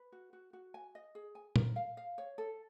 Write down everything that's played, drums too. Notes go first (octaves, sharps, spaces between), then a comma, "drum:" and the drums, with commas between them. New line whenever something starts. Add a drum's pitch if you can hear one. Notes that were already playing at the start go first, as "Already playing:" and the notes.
Already playing: B4
F#4
F#4
F#4
G#5
D#5
G#4
G#5
A#4, drum: tom A#2
F5
F5
C#5
A4